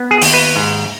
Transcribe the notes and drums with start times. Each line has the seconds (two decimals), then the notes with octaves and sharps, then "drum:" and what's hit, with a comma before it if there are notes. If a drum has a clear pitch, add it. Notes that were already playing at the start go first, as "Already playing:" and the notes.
Already playing: B3
0.11 G#4
0.21 D#2, drum: open hi-hat
0.34 B4
0.56 G#2